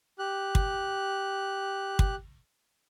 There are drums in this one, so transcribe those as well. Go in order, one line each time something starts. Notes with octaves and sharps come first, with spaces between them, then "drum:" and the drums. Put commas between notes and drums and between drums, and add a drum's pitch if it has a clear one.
G4 F#6
drum: kick
drum: kick